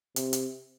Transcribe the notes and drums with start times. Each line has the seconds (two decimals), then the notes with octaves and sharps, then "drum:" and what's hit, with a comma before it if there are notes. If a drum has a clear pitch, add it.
0.16 C3, drum: hi-hat
0.33 drum: hi-hat